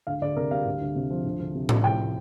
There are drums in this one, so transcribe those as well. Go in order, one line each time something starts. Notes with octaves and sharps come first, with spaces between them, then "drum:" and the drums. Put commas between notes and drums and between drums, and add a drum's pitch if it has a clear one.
D2 F5
D2 D5
C3 A#4
G3 F5
D2
D2
C3
F3
D2
D2
C3
F3, drum: tom A2
C2 G5